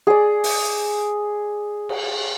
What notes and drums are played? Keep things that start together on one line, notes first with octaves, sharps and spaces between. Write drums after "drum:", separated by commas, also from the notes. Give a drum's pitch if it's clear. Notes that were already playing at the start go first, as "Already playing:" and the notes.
G#4 D5
drum: open hi-hat
drum: cymbal